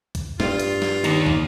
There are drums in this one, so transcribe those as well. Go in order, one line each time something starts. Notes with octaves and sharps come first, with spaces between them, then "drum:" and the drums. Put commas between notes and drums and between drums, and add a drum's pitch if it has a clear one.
drum: kick, hi-hat
G2 F4, drum: snare
drum: hi-hat
drum: snare
D#2 D#4, drum: hi-hat
drum: kick